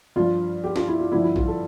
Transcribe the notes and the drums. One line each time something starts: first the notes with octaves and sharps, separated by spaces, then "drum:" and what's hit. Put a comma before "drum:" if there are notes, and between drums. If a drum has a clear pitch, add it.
G2 F3 F4
G4
F4, drum: snare
E4
F4
G2 D3 F3 E4
E4
F4, drum: kick
A4